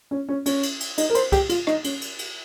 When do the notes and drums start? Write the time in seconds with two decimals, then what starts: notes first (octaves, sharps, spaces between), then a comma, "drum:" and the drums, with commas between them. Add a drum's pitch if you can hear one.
0.11 C#4
0.29 C#4
0.46 C#4, drum: cymbal
0.63 drum: cymbal
0.80 drum: cymbal
0.98 D#4, drum: cymbal
1.10 A#4
1.15 C5, drum: cymbal
1.32 G4, drum: kick C2, cymbal
1.49 F4, drum: cymbal
1.67 D#4, drum: rim click
1.84 C#4, drum: cymbal
2.01 drum: cymbal
2.19 drum: cymbal